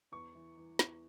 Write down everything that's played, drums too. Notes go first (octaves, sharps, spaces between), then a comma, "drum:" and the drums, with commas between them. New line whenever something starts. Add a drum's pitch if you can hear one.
E2 C#6
E3
E3
E2, drum: snare